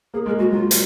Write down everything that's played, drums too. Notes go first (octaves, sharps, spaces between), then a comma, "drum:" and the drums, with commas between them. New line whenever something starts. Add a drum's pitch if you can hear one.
A#3 G#4
G#3 A#4
G#3 F#4
F#3 F4
drum: hi-hat